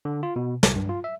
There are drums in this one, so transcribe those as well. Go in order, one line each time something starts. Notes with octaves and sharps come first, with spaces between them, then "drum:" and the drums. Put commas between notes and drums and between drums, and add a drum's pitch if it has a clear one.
D3
F4
B2
C2, drum: snare
G2
F4
E5